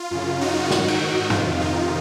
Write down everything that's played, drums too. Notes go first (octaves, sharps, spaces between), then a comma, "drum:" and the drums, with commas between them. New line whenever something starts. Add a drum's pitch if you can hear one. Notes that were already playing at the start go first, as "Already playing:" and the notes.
Already playing: F4
F#2 C#3
D#4 F#4
G#2 D#3, drum: snare
drum: cymbal
F2 C3 D#3 F4, drum: tom
D#4